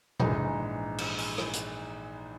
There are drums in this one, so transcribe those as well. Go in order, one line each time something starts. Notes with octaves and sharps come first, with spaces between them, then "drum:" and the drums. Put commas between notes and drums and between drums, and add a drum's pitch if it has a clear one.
A#1 G#2 E3 G#3 D#4, drum: tom A#2
drum: cymbal
drum: open hi-hat
drum: rim click
drum: hi-hat